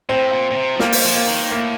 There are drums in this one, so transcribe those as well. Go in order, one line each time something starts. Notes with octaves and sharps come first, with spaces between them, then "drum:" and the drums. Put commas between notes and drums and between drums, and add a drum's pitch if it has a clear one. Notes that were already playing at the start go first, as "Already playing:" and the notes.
A2 C4
A#2
A#2
C3
F3
G3 A#3, drum: snare
drum: open hi-hat
F3
A#3
D#3
A2 A#3